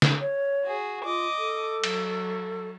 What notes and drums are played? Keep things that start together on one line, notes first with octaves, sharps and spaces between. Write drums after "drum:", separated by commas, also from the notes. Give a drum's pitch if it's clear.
drum: snare
C#5
F#4 G#4
F4 D#5 D6
A4
F#3, drum: cymbal